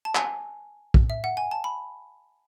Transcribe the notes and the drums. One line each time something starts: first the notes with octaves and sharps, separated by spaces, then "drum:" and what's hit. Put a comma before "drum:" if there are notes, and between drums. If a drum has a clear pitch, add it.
A5
G#5, drum: clap
drum: kick
E5
F#5
G#5
A5
B5